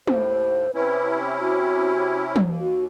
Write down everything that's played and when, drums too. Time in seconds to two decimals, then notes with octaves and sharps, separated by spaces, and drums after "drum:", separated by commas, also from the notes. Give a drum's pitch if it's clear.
0.07 D#2 A2 C5, drum: tom
0.75 C3 C#4 E4 B4
1.40 F#4
2.36 drum: tom
2.45 D#2
2.60 F#4